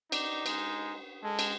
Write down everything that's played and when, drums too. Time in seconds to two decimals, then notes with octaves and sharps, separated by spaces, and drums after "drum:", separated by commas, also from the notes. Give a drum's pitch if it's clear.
0.12 D#4 D5, drum: cymbal
0.46 G#3, drum: cymbal
1.23 G#3 A4
1.39 drum: cymbal